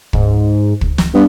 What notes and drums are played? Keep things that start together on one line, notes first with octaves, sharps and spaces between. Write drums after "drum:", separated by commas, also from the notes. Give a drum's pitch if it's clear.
G#2, drum: kick
drum: kick
drum: snare
G2 B3